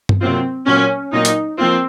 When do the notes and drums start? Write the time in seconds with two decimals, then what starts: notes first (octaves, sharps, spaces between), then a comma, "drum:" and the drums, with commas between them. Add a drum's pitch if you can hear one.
0.09 drum: tom G2
0.21 C3 F#3 A#3 C4 F4
0.67 A#2 F#3 A#3 C#4
1.13 A#2 F#3 A#3 D#4
1.25 drum: hi-hat
1.58 F3 A#3 C4 F4